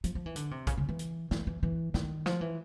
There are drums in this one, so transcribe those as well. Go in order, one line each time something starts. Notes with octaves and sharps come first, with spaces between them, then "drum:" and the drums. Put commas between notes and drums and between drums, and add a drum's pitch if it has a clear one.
F3, drum: hi-hat
F3
E3
D3, drum: hi-hat
C3
C#3, drum: kick, hi-hat
C#3
E3
drum: hi-hat
E3, drum: snare
E3
E3
D#3, drum: snare
F3, drum: snare
E3